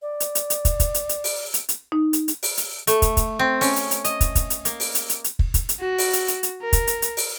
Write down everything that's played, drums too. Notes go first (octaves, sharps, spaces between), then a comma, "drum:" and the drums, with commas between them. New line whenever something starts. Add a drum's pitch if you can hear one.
D5
drum: hi-hat
drum: hi-hat
drum: hi-hat
drum: kick, hi-hat
drum: kick, hi-hat
drum: hi-hat
drum: hi-hat
drum: open hi-hat
drum: hi-hat
drum: hi-hat
D#4
drum: hi-hat
drum: hi-hat
drum: open hi-hat
drum: hi-hat
A3, drum: hi-hat
drum: kick, hi-hat
drum: kick, hi-hat
C4
C#4, drum: open hi-hat
drum: hi-hat
drum: hi-hat
D#5, drum: hi-hat
drum: kick, hi-hat
drum: kick, hi-hat
drum: hi-hat
A#3, drum: hi-hat
drum: open hi-hat
drum: hi-hat
drum: hi-hat
drum: hi-hat
drum: kick
drum: kick, hi-hat
drum: hi-hat
F#4
drum: open hi-hat
drum: hi-hat
drum: hi-hat
drum: hi-hat
A#4
drum: kick, hi-hat
drum: hi-hat
drum: hi-hat
drum: open hi-hat